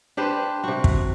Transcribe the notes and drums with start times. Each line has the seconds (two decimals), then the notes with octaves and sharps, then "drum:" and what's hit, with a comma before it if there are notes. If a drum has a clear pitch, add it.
0.17 D4 G4 B4 C5
0.64 C3 F#4
0.84 drum: kick